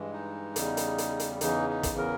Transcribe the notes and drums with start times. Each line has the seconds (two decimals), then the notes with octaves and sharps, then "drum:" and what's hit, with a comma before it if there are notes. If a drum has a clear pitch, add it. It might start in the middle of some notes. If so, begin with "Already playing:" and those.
Already playing: G2 E3 G#3
0.13 D#4
0.56 E2 C#3 G3, drum: hi-hat
0.77 drum: hi-hat
0.98 drum: hi-hat
1.20 drum: hi-hat
1.41 E2 C#3 E3 D#4, drum: hi-hat
1.69 D#4
1.83 drum: kick, hi-hat
1.98 A#4